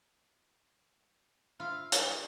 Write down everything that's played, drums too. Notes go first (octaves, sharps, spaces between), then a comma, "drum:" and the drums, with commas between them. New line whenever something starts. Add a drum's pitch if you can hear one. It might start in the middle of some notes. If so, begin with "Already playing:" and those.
F4 E5 F5
G2, drum: hi-hat